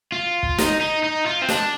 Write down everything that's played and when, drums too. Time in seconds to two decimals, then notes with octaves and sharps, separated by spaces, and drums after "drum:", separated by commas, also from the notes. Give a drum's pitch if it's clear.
0.12 F4
0.43 drum: kick
0.58 D#4, drum: snare
0.80 D#4
1.03 D#4
1.26 F4
1.42 C4
1.49 D4, drum: snare